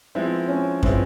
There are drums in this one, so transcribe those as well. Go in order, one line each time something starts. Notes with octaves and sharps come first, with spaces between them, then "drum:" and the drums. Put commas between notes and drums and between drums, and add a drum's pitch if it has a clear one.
F3 G#3 B3 C4 E4
C#4
F3 G#3 B3 C4 E4, drum: kick